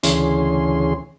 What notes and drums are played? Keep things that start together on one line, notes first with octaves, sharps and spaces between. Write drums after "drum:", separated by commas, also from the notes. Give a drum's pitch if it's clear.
D2 C#3 E3 C#4 G#4 C6, drum: hi-hat